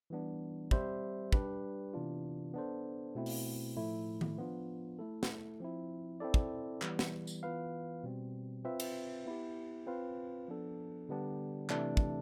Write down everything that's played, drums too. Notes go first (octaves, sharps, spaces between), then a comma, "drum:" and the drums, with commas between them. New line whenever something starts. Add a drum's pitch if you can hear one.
E3 G3 B3 D4
G3 C4 G4 C5 E5, drum: kick
G3 D4 G4 B4, drum: kick
C3 E3 B3 D4 F4
B3 D4 A4 C5
B2 A3 C4 E4
drum: open hi-hat
A2 F3 A3 E4
drum: tom D#3
F3 B3 D4 F4
A3 E4 A4
drum: snare
F3 C4 E4
C4 E4 A4 D5
drum: kick
E3 G3 B3, drum: clap
drum: snare
drum: tambourine
E3 B3 F4 B4 F5
B2 G3 C4
C4 F4 B4 E5
drum: cymbal
B3 E4 G4
C4 F4 B4 F5
F3 B3 D4 A4
D3 G3 B3 D4 G4
C3 E3 A3 D4 A4, drum: clap
drum: kick